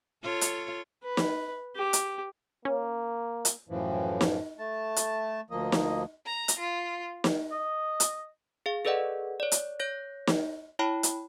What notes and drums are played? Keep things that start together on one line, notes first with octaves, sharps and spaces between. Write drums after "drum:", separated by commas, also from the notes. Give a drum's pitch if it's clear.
F4 A4 C#5
drum: hi-hat
B4
drum: snare
G4
drum: hi-hat
A#3 C#4
drum: hi-hat
F#2 A2 E3 F3
drum: snare
A3 A5
drum: hi-hat
D2 F3 A#3 D#5
drum: snare
A#5
drum: hi-hat
F4
drum: snare
D#5
drum: hi-hat
G#4 F5
G#4 A4 B4 D5 D#5 F#5
C#5 D5
drum: hi-hat
C#5 G6 A#6
drum: snare
E4 C#5 G5 A5 B5
drum: hi-hat